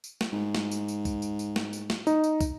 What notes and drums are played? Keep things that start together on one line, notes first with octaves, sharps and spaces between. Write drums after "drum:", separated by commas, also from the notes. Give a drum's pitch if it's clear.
drum: tambourine
drum: snare
G#2
drum: snare
drum: tambourine
drum: tambourine
drum: kick, tambourine
drum: tambourine
drum: tambourine
drum: snare
drum: tambourine
drum: snare
D#4, drum: tambourine
drum: tambourine
drum: kick, tambourine